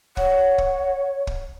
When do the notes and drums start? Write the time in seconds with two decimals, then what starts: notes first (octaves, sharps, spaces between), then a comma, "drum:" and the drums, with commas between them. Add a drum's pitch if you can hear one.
0.17 C#5 F#5, drum: kick
0.58 drum: kick
1.27 drum: kick